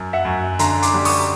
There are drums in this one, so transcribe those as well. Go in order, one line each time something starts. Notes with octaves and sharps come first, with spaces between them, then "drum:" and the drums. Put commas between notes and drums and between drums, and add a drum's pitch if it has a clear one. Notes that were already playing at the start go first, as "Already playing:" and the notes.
Already playing: F#2
E5 F#5
F#2
D3 A#5 C6, drum: hi-hat
C6 D6, drum: hi-hat
G3
C#6 D#6, drum: open hi-hat